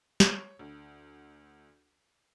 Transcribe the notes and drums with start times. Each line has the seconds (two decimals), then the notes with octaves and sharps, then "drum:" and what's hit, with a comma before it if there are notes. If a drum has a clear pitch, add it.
0.20 C#5, drum: snare
0.59 D2